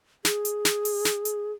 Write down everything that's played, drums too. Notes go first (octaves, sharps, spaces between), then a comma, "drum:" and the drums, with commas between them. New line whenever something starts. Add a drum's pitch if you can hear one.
G#4, drum: snare
drum: hi-hat
drum: snare
drum: open hi-hat
drum: snare
drum: hi-hat